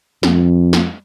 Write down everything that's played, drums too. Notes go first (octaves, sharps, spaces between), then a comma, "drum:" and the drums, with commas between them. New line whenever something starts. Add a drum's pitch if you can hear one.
F2, drum: snare
drum: snare